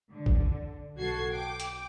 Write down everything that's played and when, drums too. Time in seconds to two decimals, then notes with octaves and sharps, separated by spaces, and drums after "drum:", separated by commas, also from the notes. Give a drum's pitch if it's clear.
0.10 D3
0.26 drum: kick
0.97 B1 F#4 A4 G#6 C7
1.31 G5 D6
1.60 drum: hi-hat